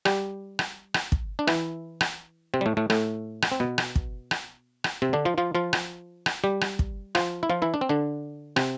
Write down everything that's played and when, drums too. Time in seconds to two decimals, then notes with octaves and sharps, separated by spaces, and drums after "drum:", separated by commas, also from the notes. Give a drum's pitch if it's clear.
0.05 G3 G4, drum: rim click
0.59 drum: rim click
0.94 drum: rim click
1.12 drum: kick
1.39 D4
1.47 E3 E4, drum: rim click
2.01 drum: rim click
2.54 C3 C4
2.61 G3
2.66 A2 A3
2.77 A2 A3
2.90 A2 A3, drum: rim click
3.42 drum: rim click
3.52 C4
3.60 B2 B3
3.78 drum: rim click
3.96 drum: kick
4.31 drum: rim click
4.84 drum: rim click
5.02 C3 C4
5.13 D3 D4
5.25 F3 F4
5.38 F3 F4
5.55 F3 F4
5.73 drum: rim click
6.26 drum: rim click
6.44 G3 G4
6.61 drum: rim click
6.79 drum: kick
7.15 F3 F4, drum: rim click
7.43 E4
7.50 F3 F4
7.62 E3 E4
7.74 D4
7.81 C4
7.89 D3 D4
8.56 C3 C4, drum: rim click